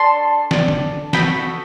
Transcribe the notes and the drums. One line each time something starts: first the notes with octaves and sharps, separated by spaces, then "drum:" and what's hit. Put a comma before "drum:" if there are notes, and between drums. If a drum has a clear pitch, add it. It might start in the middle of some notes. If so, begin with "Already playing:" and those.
Already playing: D4 A4 A5 C6
D4 A4, drum: snare
drum: tom D3
B3 F#4 A4 G5 B5, drum: snare